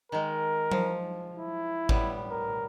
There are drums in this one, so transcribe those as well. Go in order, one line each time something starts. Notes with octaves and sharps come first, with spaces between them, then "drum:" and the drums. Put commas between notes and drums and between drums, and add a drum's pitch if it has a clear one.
D#3 G#3 A#4
F3, drum: tom F#3
E4
A2 G3 B3, drum: kick G#1
A#4